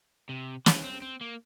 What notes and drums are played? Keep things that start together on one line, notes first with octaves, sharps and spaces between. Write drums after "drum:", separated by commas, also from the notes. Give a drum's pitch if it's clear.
C3
E3, drum: snare
C4
C4
A#3